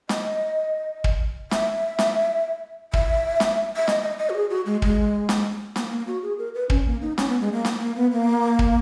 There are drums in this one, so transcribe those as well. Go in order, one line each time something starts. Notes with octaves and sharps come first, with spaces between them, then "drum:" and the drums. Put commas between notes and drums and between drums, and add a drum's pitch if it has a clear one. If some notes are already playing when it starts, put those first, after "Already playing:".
D#5, drum: snare
drum: kick
E5, drum: snare
drum: snare
E5, drum: kick
drum: snare
E5
D#5, drum: snare
D#5
D#5
F#4
G#4
F#4
G#3
G#3, drum: kick
drum: snare
A#3, drum: snare
A#3
F#4
G#4
A#4
B4
C#4, drum: kick
A#3
D#4
C#4, drum: snare
B3
G#3
A#3
drum: snare
A#3
B3
A#3
drum: kick